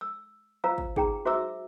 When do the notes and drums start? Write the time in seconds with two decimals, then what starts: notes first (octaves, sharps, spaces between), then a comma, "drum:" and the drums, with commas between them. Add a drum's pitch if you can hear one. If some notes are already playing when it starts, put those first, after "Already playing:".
0.01 E6
0.64 F4 C5 F5 A#5 E6
0.78 drum: kick
0.96 D#4 G#4 G5 A#5, drum: kick
1.25 F#4 C5 E5 A#5 D6 E6